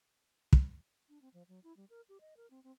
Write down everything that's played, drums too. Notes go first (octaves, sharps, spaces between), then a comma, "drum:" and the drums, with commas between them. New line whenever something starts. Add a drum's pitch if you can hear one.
drum: kick
D4
C4
F3
F#3
E4
G3
A#4
G4
D#5
A#4
C4
C4